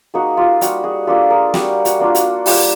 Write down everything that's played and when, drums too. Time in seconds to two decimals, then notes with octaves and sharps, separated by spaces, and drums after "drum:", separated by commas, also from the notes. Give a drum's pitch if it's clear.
0.14 A#3 D#4 F#4 G#4
0.37 F4 G4
0.61 G3 F#4, drum: hi-hat
0.83 F#4 G#4
1.07 A#3 D4 F4 G4 A4
1.30 G#4 A#4
1.54 G3 F#4, drum: snare
1.85 F#4, drum: hi-hat
2.00 A#3 D4 F4
2.15 F#4, drum: hi-hat
2.46 G3 F4 G4, drum: open hi-hat